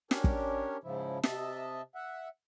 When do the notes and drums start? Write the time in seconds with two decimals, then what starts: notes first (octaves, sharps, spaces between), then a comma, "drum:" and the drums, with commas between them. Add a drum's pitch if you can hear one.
0.11 C#4 D4 G4 A#4 C#5, drum: snare
0.24 drum: kick
0.84 G#2 C#3 F3 E4
1.23 C3 D#5 E5 A5, drum: snare
1.95 E5 F#5